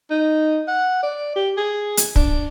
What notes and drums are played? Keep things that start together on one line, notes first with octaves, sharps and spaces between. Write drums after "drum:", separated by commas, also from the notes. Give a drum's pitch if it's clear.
D#4
F#5
D5
G4
G#4
drum: hi-hat
D4, drum: kick